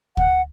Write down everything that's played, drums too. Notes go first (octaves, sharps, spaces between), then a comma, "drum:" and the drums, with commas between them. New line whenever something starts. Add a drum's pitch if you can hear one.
F#5, drum: kick